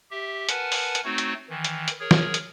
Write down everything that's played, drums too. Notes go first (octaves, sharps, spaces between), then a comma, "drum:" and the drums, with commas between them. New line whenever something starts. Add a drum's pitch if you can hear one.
G4 E5
A#4 B4 F#5 G#5 A5, drum: hi-hat
drum: open hi-hat
drum: hi-hat
A3 C4 D#4 F#4 C#5
drum: hi-hat
D#3 E3
drum: hi-hat
drum: hi-hat
G#4 A#4 C#5
drum: snare
drum: hi-hat